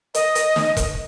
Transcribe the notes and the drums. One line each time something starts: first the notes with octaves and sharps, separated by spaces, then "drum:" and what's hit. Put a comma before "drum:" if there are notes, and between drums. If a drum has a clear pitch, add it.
D#5, drum: hi-hat
drum: hi-hat
drum: snare
drum: kick E1, hi-hat